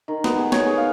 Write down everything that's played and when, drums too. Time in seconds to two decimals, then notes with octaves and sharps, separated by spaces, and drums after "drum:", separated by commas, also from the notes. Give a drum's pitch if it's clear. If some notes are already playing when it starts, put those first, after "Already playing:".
0.08 D#3
0.24 B3, drum: snare
0.39 G#4
0.52 C#5, drum: snare
0.66 G#4
0.78 F5